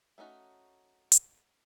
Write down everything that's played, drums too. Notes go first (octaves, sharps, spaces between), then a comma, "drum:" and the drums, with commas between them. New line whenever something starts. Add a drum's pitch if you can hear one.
A3 C#4 D#4 F#4
drum: hi-hat